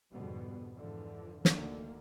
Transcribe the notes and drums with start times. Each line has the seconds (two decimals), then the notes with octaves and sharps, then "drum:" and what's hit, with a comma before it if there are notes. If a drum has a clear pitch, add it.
0.12 F2 G#2 B2 D3 G3 B3
0.74 F2 G#2 D3 E3 F3
1.45 D2 D3 D#3 A#3, drum: snare